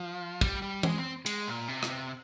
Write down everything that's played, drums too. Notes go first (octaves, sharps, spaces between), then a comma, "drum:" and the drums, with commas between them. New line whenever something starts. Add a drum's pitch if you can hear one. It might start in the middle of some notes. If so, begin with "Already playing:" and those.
Already playing: F3
G3, drum: kick
G3
G#3, drum: tom E3
C4
G#3, drum: cymbal
A#2
C3
drum: rim click